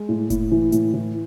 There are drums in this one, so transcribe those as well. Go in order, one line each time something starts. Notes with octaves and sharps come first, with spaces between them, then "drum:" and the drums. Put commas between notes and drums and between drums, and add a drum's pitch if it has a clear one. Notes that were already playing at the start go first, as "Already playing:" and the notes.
Already playing: G#3
A2
A2, drum: kick F1, hi-hat
E3
A2, drum: hi-hat
E3